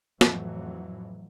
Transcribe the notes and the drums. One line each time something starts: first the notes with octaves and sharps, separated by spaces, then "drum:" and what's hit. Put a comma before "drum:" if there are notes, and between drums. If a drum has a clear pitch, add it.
F2 A2 E3 F#3, drum: snare